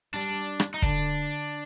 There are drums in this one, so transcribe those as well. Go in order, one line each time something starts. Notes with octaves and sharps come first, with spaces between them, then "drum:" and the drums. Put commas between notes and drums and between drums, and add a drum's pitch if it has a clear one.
G3 D4
drum: rim click
D#4
D3 D4, drum: kick